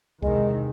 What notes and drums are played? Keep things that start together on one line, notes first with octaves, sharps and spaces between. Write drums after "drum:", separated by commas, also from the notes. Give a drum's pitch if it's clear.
E2 C3 D#3 G#3, drum: kick C2